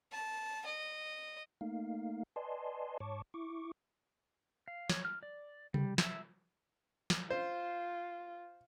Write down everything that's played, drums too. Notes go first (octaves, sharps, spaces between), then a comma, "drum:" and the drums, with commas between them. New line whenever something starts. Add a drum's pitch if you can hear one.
A5
D#5
A3 A#3 D#4 F5
B4 D5 D#5 G#5 A5 C6
G#2 C#5 A5 C#6 D6
E4 C#6 D6
F5
C#5, drum: snare
F6
D5
G3, drum: tom C3
E5, drum: snare
drum: snare
F4 C5